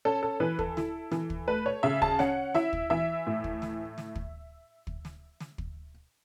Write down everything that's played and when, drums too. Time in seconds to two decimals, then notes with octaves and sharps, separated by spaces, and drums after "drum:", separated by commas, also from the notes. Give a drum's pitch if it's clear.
0.05 C#4 A4
0.23 A4
0.40 E3 B4
0.59 A4, drum: kick
0.77 E4, drum: snare
1.11 E3, drum: snare
1.30 drum: kick
1.48 A3 B4
1.66 C#5
1.83 C#3 E5
2.02 A5, drum: kick
2.19 C#4 F#5, drum: snare
2.54 E4 E5, drum: snare
2.73 drum: kick
2.90 E3 E5
3.27 A2
3.44 drum: kick
3.62 drum: snare
3.98 drum: snare
4.15 drum: kick
4.87 drum: kick
5.05 drum: snare
5.40 drum: snare
5.58 drum: kick